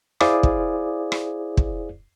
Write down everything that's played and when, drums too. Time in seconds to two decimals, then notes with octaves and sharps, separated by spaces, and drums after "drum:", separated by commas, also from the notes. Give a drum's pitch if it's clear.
0.20 E4 G#4 C5 D5 F5 D6, drum: rim click
0.43 drum: kick
1.12 drum: rim click
1.57 drum: kick